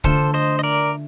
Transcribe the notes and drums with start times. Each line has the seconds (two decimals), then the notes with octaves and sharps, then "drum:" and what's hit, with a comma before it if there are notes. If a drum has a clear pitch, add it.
0.04 D3 A3 D4 F4 A4 C5, drum: kick
0.34 C5 D#5
0.59 D#5
0.63 A#4 D5